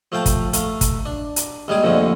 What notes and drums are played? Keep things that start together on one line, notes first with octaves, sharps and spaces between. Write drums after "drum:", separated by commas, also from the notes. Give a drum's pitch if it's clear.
F3 A3 F5 G5 A5
drum: kick, hi-hat
A3 F5, drum: hi-hat
drum: kick, hi-hat
D4
drum: hi-hat
D#2 G3 G#3 G#4 D6
F2 A#2 D3 F3 A3